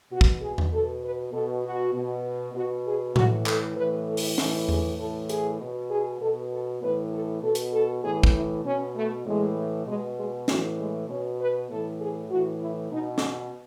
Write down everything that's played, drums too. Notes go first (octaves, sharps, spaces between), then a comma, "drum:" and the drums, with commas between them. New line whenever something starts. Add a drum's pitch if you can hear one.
B2 F#4
drum: kick
G#4
drum: tom E2
B2 A4
B4
B2 A4
F#4
B2
B2 F#4
G#4
A2 E3 F#4, drum: tom A2
A4, drum: clap
A2 E3 B4
A4
drum: open hi-hat
A2 E3 A4, drum: snare
G#4, drum: tom E2
A2 E3 A4
G#4, drum: hi-hat
B2
G#4
B2 A4
A4
A2 E3 B4
A4
B2 A4
drum: hi-hat
A4
A2 E3 G#4
drum: kick
E4
B2 C#4
A3
A2 E3 G#3
B2 G#3
G#3
A2 E3 F#3, drum: snare
G#3
B2 C#4
B4
A2 E3 A4
G#4
A2 E3 F#4
E4
B2 D#4
drum: snare